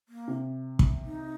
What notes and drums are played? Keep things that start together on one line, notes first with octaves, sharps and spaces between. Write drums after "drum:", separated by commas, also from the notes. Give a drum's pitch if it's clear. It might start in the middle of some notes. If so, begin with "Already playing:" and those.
A#3
C3
drum: kick
D#4